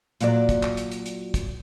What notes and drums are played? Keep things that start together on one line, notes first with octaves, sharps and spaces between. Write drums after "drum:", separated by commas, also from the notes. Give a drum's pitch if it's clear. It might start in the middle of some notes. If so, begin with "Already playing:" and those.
A#2 F#3 D5, drum: hi-hat
drum: kick, hi-hat
drum: clap
drum: hi-hat
drum: hi-hat
drum: hi-hat
drum: kick, hi-hat